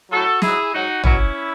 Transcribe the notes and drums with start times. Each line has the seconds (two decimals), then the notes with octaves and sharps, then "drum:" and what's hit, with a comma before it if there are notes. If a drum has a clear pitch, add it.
0.11 A2 F#3 F#4 A4
0.42 G#2 F#3 E4 G#4, drum: snare
0.73 G#2 F#3 D#4 F#4
1.04 B2 F#3 C#4 E4, drum: tom